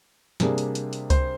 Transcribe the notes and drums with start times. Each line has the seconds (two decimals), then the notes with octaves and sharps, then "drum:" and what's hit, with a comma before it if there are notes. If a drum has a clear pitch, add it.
0.40 C3 G3 A#3 D4 G#4, drum: snare
0.58 drum: hi-hat
0.75 drum: hi-hat
0.93 drum: hi-hat
1.10 C5, drum: kick C#2, hi-hat